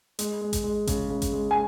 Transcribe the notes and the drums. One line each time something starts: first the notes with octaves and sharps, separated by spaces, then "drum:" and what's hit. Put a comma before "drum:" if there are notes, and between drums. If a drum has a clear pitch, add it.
G#3, drum: hi-hat
G#3
drum: kick G#1, hi-hat
G#3
C#3, drum: kick G#1, hi-hat
C#3
drum: kick G#1, hi-hat
G#3
G#5